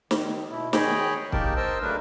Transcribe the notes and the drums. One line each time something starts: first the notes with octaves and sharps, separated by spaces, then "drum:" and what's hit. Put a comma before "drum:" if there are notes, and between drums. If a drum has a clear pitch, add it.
D#3, drum: snare
B2 E4
D#3 G#4 C#5 D#5 G5 B5, drum: snare
A#3 D#4 G4 A#4 G5 A5, drum: kick
A#4 C5 D#5 A5 E6
C#3 F#3 A3 D4 A#4 B4